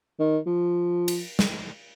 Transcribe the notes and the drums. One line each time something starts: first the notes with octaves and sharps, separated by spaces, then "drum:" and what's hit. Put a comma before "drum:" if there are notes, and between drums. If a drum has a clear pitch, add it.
D#3
F3
drum: cymbal
drum: snare